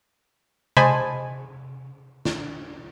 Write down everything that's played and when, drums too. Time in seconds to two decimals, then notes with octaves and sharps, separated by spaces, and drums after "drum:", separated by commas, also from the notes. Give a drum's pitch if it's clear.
0.77 C5 D#5 G#5 A5 B5, drum: tom C3
2.25 drum: snare